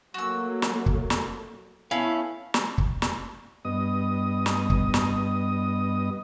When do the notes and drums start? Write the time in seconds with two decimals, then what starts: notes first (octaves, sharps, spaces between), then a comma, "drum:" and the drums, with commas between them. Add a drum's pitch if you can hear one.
0.14 F#3 A3 A#3 F#4 E6
0.62 drum: snare
0.86 drum: kick
1.10 drum: snare
1.91 A3 B3 C#4 E4 F5
2.54 drum: snare
2.78 drum: kick
3.02 drum: snare
3.65 G2 B3 D#5 D#6
4.46 drum: snare
4.70 drum: kick
4.94 drum: snare